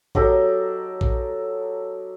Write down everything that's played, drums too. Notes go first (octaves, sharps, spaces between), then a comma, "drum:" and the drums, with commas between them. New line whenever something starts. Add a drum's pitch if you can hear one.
F#3 D#4 G4 A4, drum: kick A#1
drum: kick A#1